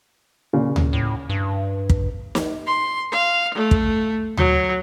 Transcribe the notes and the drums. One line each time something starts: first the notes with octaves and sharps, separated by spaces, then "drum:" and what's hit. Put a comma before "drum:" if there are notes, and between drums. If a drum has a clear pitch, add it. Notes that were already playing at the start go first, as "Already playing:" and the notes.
A#2 C#3
drum: tom D2
A2
G2
drum: kick
drum: snare
C6
F5
A3
drum: kick
F#3, drum: tom D2